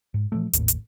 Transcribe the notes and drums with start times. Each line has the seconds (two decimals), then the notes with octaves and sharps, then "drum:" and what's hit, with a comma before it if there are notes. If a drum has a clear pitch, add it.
0.14 G#2
0.32 A#2 E3 F3 A3
0.53 G#1 D#2 A2, drum: hi-hat
0.68 drum: hi-hat